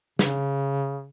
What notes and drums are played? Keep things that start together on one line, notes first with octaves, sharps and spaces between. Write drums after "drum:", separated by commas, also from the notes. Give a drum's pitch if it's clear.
C#3, drum: snare